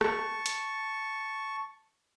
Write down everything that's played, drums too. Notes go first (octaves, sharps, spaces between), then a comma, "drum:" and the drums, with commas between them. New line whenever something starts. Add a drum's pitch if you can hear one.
A5 C#6, drum: rim click
drum: hi-hat